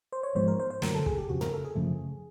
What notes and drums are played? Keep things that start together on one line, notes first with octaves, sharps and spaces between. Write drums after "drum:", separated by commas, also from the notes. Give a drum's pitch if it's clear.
C5
C#5
G#2 F3 G#3 B3 C5
A#4
C5
C5
F#2 D3 F#3 A3 A#4, drum: snare
A4
G#4, drum: kick
G4
F2 C#3 F3 F#4
A#4, drum: tom
A4
G#4
F#2 C#3 F3 A3